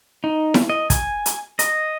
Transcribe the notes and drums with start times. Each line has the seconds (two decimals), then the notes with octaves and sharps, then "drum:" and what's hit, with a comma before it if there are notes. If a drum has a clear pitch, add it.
0.24 D#4
0.54 drum: snare E4
0.70 D#5
0.90 G#5, drum: kick, hi-hat
1.26 drum: hi-hat
1.59 D#5, drum: hi-hat